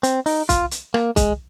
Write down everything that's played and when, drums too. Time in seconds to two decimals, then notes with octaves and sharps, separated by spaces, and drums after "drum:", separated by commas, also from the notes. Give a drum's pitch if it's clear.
0.03 C4, drum: hi-hat
0.26 D#4, drum: open hi-hat
0.49 F4, drum: kick C2, hi-hat
0.71 drum: hi-hat
0.94 A#3, drum: rim click
1.16 G#3, drum: kick C2, hi-hat